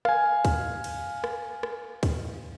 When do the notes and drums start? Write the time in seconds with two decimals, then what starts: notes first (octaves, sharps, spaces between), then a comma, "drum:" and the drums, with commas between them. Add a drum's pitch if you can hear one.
0.05 F5 G#5, drum: rim click
0.45 drum: kick, cymbal
0.84 drum: cymbal
1.24 drum: rim click
1.63 drum: rim click
2.03 drum: kick, cymbal